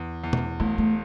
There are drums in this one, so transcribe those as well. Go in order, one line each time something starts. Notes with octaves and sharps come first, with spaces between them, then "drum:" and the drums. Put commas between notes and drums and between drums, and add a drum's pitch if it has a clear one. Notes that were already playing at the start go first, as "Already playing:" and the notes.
Already playing: E2
E2
drum: tom
E1 A3
A3